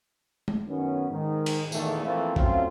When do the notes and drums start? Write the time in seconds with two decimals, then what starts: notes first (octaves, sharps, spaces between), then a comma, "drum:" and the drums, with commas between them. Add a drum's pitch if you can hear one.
0.48 drum: tom G#3
0.69 F#2 D#3 B3 C#4
1.11 G#2 D#3
1.46 drum: cymbal
1.72 E2 A#2 D#3 E3 A3, drum: tambourine
2.04 E3 F3 A3 A#3 C4 F4
2.36 F#3 A3 C4 C#4 F4, drum: kick A#1